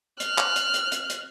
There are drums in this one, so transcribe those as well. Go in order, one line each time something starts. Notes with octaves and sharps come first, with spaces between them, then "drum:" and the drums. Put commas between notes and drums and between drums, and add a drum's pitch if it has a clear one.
F6 F#6, drum: hi-hat
drum: clap
drum: hi-hat
drum: hi-hat
drum: hi-hat
drum: hi-hat